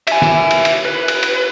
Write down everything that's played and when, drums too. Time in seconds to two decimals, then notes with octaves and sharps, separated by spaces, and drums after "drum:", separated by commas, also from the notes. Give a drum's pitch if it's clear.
0.07 E5 G#5, drum: cymbal
0.22 drum: snare
0.51 drum: cymbal
0.65 drum: cymbal
0.85 B4
1.08 drum: cymbal
1.23 drum: cymbal